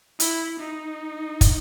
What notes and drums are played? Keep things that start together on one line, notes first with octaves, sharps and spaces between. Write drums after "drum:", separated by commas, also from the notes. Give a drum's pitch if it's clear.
E4, drum: hi-hat
D#4
drum: kick, hi-hat